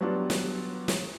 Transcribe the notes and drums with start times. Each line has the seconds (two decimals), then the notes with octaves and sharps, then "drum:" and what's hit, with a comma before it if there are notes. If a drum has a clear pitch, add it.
0.01 F#3 G3 B3 D4 F4
0.30 drum: snare
0.88 drum: snare